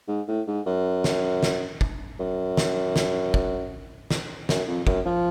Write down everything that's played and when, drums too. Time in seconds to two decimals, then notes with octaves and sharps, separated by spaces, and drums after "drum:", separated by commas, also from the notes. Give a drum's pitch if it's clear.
0.08 G#2
0.28 A2
0.47 G#2
0.66 F#2
1.04 drum: snare
1.43 drum: snare
1.81 drum: kick
2.20 F#2
2.57 drum: snare
2.96 drum: snare
3.34 drum: kick
4.11 drum: snare
4.49 F#2, drum: snare
4.68 F2
4.87 F#2, drum: kick
5.06 F3